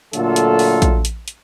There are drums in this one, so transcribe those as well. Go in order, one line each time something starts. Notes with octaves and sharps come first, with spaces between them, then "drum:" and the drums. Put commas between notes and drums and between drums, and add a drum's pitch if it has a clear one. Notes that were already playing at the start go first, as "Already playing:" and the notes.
A#2 D3 F#3 A3 F4 A4, drum: hi-hat
drum: hi-hat
drum: open hi-hat
drum: kick, hi-hat
drum: hi-hat
drum: hi-hat